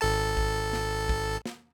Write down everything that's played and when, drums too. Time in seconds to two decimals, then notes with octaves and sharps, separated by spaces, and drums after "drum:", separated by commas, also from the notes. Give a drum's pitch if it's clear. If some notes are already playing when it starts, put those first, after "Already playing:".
0.01 G#1 A4 A5
0.37 drum: kick A1
0.73 drum: snare
1.09 drum: kick A1
1.46 drum: snare